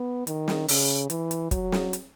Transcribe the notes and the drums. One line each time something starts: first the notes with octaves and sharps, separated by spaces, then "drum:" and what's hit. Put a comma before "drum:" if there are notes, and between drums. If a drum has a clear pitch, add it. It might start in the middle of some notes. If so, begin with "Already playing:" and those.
Already playing: B3
D#3, drum: hi-hat
drum: snare
C#3, drum: open hi-hat
E3, drum: hi-hat
drum: hi-hat
F#3, drum: kick, hi-hat
drum: snare
drum: hi-hat